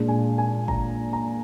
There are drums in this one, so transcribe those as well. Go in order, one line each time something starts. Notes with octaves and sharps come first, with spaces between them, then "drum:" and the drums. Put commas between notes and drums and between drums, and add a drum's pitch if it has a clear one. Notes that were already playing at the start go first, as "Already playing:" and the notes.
Already playing: A#2 G#3 D4
G#5
G#5
A#5, drum: kick
A#5